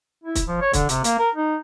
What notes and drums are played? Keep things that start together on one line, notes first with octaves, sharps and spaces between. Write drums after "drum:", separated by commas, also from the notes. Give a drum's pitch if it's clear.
E4
drum: kick, hi-hat
F3
C#5
D3, drum: kick, hi-hat
C3, drum: hi-hat
A#3, drum: hi-hat
A#4
D#4